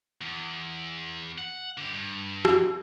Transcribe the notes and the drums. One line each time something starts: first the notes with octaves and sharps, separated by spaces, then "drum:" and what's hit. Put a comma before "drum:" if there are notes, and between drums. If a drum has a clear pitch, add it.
E2
F#5
D3 G4
G2
drum: rim click